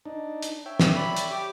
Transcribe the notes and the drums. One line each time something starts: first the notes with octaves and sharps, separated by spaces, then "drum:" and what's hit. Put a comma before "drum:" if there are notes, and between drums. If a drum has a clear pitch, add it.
D4 D#4
drum: hi-hat
C#5 E5 G5
drum: snare
D5 B5
drum: hi-hat
G4 D6